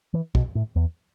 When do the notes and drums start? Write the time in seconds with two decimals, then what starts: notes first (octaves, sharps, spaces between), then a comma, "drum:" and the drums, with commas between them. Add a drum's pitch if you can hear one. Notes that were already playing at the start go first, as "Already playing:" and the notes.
0.14 E3
0.35 B2, drum: kick
0.55 A2
0.76 E2